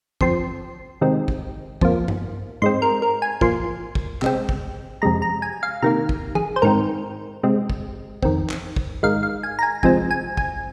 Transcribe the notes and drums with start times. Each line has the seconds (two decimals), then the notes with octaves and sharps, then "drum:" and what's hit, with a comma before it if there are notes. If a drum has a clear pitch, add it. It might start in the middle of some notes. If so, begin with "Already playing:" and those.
0.21 F2 F3 C4 C6, drum: kick
1.01 C3 D#3 G#3 C4
1.28 drum: kick
1.81 F2 F3 A#3, drum: kick
2.08 drum: tom G2
2.62 G#2 G#3 C4 C6
2.82 A#4
3.02 A#4
3.22 G#5
3.41 A#2 F3 A#3 C6, drum: kick
3.95 drum: kick
4.22 C3 G#3 C4, drum: clap
4.49 drum: kick
5.02 F2 C3 G#3 A#5
5.22 A#5
5.42 G#5
5.63 F5
5.82 C3 D#3 A#3 A#5
6.09 drum: kick
6.35 G#4, drum: tom
6.56 C5
6.62 G#2 D#3 C4 A#4
7.43 C3 G#3 C4
7.70 drum: kick
8.23 F2 D#3 C4, drum: kick
8.50 drum: clap
8.76 drum: kick
9.03 G#2 D#3 G#3 F5
9.23 F5
9.43 G#5
9.59 A#5
9.63 G#5
9.83 C3 F3 G#3 C4 G#5, drum: kick
10.11 G#5
10.37 G#5, drum: kick